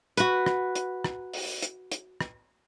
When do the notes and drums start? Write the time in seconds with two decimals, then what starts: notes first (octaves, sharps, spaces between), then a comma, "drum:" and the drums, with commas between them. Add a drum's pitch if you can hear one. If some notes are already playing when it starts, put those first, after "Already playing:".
0.17 F#4 B4, drum: hi-hat
0.46 drum: rim click
0.75 drum: hi-hat
1.04 drum: rim click
1.33 drum: open hi-hat
1.62 drum: hi-hat
1.92 drum: hi-hat
2.21 drum: rim click